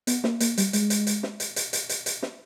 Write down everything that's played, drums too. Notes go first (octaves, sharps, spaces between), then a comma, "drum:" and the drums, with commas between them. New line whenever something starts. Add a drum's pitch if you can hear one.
B3, drum: hi-hat
A#3, drum: snare
A#3, drum: hi-hat
G3, drum: hi-hat
G#3, drum: hi-hat
drum: hi-hat
drum: hi-hat
drum: snare
drum: hi-hat
drum: hi-hat
drum: hi-hat
drum: hi-hat
drum: hi-hat
drum: snare